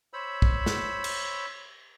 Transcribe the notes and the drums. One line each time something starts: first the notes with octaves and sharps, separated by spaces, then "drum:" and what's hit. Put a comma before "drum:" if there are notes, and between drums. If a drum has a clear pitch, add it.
C5 C#5 B5 E6
drum: kick
drum: snare
drum: cymbal